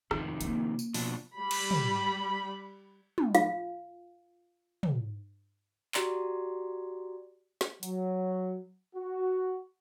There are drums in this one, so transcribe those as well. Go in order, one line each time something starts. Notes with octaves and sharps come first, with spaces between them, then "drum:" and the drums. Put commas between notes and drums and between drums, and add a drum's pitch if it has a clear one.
F2 C3 D#3 F3, drum: rim click
A#3 C#4, drum: hi-hat
drum: tambourine
B2 F3 D4, drum: open hi-hat
G3 B5
drum: cymbal
drum: tom
drum: tom
F4 F5, drum: hi-hat
drum: tom
F#4 G4 D5 A#5 C6, drum: clap
drum: snare
F#3, drum: hi-hat
F#4